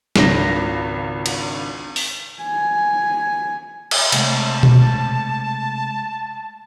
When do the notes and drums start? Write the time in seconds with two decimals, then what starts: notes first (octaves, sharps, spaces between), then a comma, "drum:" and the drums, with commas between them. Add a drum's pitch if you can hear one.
0.16 G#1 C#2 D4 A#6, drum: snare
1.26 drum: cymbal
1.96 drum: open hi-hat
2.43 G#5
3.91 drum: cymbal
4.12 C3 G#3 A3 A5, drum: cymbal
4.63 drum: tom B2